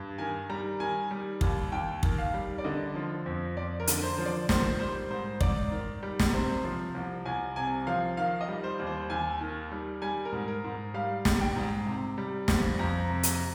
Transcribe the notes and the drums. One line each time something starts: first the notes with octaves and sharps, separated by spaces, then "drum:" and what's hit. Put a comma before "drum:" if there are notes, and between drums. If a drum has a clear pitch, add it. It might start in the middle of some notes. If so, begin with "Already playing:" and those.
Already playing: G2
D#3 G#5
G3 A#5
D#3 G#5
G3
D#2, drum: kick
D#2 G5
D#3, drum: kick
F5
G3
D5
D3 D#5
F3
F2
F2 D5
A#4
D3, drum: hi-hat
C5
F3
D5
D#3 C5, drum: snare
G3 C5
G#2 C5
G#2 D5, drum: kick
D#3
G3
drum: snare
C3 C5
F3
C2
C2 G#5
C3 G#5
F3 F5
D#3 F5
D#5
G3
C5
D#2
C5
D#2 G#5
D#3
G3
G3 G#5
A#4
G#2
A#4
G#2
G3 F5
G3, drum: snare
G5
G#2
C3
G3
F2, drum: snare
F2 A#5
C3
drum: hi-hat